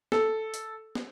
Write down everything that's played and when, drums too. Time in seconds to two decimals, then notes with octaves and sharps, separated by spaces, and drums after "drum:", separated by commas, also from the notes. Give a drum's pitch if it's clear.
0.12 A4, drum: snare
0.54 drum: hi-hat
0.95 drum: snare